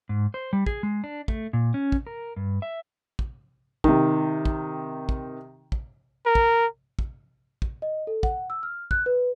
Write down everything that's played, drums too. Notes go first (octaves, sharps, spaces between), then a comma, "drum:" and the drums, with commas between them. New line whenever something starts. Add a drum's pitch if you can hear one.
G#2
C5
G3
G#4, drum: kick
G#3
D4
A3, drum: kick
A#2
C#4
drum: kick
A#4
G2
E5
drum: kick
C3 D#3, drum: kick
drum: kick
drum: kick
drum: kick
A#4
drum: kick
drum: kick
drum: kick
D#5
A4
F#5, drum: kick
E6
F6
F#6, drum: kick
B4